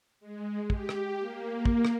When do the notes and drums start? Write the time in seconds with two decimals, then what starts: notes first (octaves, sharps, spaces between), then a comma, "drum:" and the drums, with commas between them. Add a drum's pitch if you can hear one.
0.20 G#3
0.70 G4, drum: kick
0.89 drum: rim click
1.19 A#3
1.65 drum: kick
1.85 drum: rim click